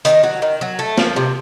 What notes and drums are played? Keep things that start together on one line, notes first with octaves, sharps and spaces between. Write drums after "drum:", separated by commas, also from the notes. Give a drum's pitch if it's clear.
D#3, drum: hi-hat
F#3
D#3
F#3
A3
F3, drum: snare
C3